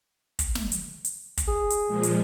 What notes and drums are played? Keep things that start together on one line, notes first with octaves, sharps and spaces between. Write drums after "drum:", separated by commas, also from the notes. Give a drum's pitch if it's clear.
drum: kick, hi-hat
drum: snare
drum: hi-hat
drum: hi-hat
drum: kick, hi-hat
G#4
drum: hi-hat
A#2 F3 G#3
drum: hi-hat